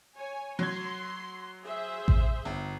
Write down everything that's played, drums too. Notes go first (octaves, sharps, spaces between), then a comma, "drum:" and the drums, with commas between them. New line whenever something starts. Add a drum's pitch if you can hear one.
C#5 G#5
F#3 C6 G#6
G#4 C5 E5
drum: kick A1
G1